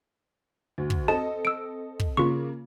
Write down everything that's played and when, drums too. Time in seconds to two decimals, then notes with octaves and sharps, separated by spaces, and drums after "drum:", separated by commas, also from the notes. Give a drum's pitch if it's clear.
0.78 D2
0.90 drum: kick
1.08 C4 A4 D#5 A5
1.45 E6 D7
2.00 drum: kick
2.17 C#3 A#3 F4 C#6